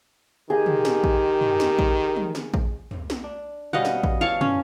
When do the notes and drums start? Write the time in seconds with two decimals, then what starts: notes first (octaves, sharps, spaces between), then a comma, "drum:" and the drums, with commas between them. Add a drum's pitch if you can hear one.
0.50 D#3 G4 G#4 D#5
0.66 drum: tom
0.85 drum: snare
1.04 drum: kick A1
1.41 drum: tom
1.60 drum: snare
1.79 drum: kick A1
2.16 drum: tom
2.35 drum: snare
2.54 drum: kick A1
2.91 drum: tom
3.10 drum: snare
3.24 D4
3.73 B2 G3 C#4 D#5 F5 F#5
3.85 drum: snare
4.04 drum: kick A1
4.21 E3 C#5 F5 A5 C#6
4.41 C#4, drum: tom